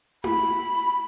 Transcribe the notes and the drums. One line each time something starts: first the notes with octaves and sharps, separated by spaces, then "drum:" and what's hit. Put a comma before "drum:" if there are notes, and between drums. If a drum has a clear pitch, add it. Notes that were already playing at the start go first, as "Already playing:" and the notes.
B5, drum: tom E4